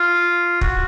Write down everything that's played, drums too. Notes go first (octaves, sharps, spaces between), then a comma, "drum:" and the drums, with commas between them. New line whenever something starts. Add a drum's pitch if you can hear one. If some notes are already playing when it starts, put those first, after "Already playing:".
Already playing: F4
F#4, drum: kick